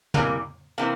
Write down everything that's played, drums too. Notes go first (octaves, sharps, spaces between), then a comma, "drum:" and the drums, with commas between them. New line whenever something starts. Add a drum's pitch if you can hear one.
C3 E3 G3 A#3, drum: tom
C3 E3 A#3 C4